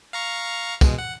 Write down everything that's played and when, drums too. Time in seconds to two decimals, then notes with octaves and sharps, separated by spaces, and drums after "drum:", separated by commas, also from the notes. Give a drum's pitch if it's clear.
0.13 F5 A#5 C#6
0.81 B2 G#3, drum: kick, tambourine
0.99 F#5